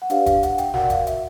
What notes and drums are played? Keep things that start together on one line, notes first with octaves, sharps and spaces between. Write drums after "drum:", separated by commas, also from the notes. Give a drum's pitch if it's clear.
F#5
D4 G4 B4 D5 F5, drum: hi-hat
F5, drum: kick F1, hi-hat
F#5, drum: hi-hat
G5, drum: hi-hat
F#4 A#4 D5 F#5, drum: snare
F5, drum: kick F1, hi-hat
E5, drum: hi-hat